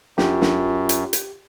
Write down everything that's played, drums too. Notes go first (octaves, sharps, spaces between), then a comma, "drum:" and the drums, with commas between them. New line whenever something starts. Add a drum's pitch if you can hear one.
F#2 F4 G4, drum: snare
drum: snare
drum: hi-hat
drum: hi-hat